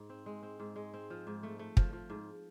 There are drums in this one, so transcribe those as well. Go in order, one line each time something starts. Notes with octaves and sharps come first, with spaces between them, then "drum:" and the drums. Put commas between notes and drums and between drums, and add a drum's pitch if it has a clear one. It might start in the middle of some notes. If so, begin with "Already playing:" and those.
Already playing: G#2
C4
G#3
C4
G#2
G#3
C4
F3
G#2
A3
A3
F3, drum: kick
F3
G#2